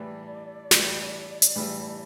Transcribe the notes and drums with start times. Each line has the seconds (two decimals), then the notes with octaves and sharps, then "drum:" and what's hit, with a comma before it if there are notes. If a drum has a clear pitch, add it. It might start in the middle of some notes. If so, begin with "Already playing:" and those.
Already playing: A2 E3 G3 D5
0.71 A2 E3 G3, drum: snare
1.42 drum: hi-hat
1.55 A2 E3 G3